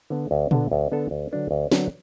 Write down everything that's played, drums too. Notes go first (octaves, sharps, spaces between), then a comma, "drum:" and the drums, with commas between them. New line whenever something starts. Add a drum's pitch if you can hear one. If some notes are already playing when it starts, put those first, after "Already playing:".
D3 B3
D2
D3 B3 D4 A4, drum: tom A#2
D2
D3 B3 D4 A4
D2
D3 F#3 D4 B4
D2
D3 F#3 D4 B4, drum: snare